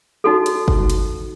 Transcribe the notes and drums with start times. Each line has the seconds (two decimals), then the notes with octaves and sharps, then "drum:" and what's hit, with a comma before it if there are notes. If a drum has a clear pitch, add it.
0.24 D#4 F#4 A4
0.46 drum: hi-hat
0.68 drum: kick
0.90 drum: hi-hat